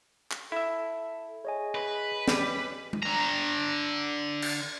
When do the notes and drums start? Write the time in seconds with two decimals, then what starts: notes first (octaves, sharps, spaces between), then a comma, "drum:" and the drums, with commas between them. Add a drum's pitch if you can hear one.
0.31 drum: clap
0.52 E4 A4 E5
1.45 G#4 C#5 D#5 G#5
1.75 B4
2.28 G3 C#4 D5, drum: snare
2.93 drum: tom G#3
3.03 D3 A#5
4.42 drum: cymbal